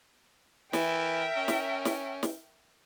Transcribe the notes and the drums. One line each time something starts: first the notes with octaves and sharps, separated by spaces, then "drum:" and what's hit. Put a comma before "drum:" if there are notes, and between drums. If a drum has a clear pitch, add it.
E3 A#4 E5 G5, drum: snare
C#4
drum: snare
drum: snare
drum: snare